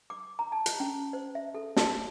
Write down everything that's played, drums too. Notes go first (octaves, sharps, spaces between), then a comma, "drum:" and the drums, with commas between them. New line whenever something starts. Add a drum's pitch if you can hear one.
D6
A#5
A5
drum: hi-hat
C#4
C5
E5
A4
A5, drum: snare